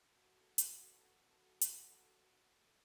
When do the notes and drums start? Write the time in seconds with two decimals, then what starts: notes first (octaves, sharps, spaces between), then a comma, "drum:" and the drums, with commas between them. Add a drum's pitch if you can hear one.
0.10 B3 F#4 A4 E6 C#7
0.58 drum: hi-hat
1.61 drum: hi-hat